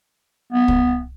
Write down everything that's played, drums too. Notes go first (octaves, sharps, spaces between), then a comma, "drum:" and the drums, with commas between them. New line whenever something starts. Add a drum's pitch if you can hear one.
B3
drum: kick